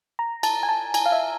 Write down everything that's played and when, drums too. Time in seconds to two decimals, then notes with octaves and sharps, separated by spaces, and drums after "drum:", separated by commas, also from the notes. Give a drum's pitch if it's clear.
0.19 A#5
0.43 A5, drum: cymbal
0.63 G#5
0.69 A5
0.94 G#5, drum: cymbal
1.06 F5
1.12 E5